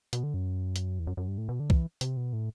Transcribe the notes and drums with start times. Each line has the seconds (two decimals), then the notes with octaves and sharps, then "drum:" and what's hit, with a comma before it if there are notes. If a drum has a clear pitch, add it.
0.13 B2, drum: hi-hat
0.23 D3
0.34 F#2
0.76 drum: hi-hat
0.99 E2
1.07 F#2
1.17 F#2
1.28 G2
1.38 A2
1.49 B2
1.60 D3
1.70 E3, drum: kick B1
2.01 C3, drum: hi-hat
2.17 B2
2.33 A2